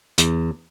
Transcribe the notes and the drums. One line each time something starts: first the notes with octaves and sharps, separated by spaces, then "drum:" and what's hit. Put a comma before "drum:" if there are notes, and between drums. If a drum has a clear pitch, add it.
E2, drum: hi-hat